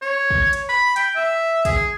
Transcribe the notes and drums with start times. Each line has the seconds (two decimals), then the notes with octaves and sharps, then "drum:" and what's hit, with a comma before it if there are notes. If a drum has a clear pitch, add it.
0.02 C#5
0.31 drum: kick
0.53 drum: hi-hat
0.69 B5
0.96 G5, drum: hi-hat
1.16 E5
1.65 G#4, drum: kick, hi-hat